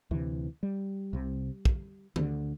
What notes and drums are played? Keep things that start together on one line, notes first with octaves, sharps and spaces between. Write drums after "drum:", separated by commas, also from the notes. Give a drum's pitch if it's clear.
D2 C3 E3
G3
C2 C3
drum: kick
D2 D3, drum: tom